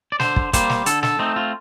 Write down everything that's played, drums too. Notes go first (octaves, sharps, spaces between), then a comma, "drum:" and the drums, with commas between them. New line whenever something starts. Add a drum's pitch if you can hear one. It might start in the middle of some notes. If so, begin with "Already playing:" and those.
D5
D3 C5, drum: snare
drum: kick
G3 A#3 C5, drum: kick, hi-hat
drum: snare
D3 A4, drum: hi-hat
A4, drum: snare
A3 C4 D#4
F4